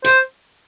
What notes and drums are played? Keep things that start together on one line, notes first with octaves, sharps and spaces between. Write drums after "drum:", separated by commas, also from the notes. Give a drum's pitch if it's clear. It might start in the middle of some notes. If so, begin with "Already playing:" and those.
C5, drum: hi-hat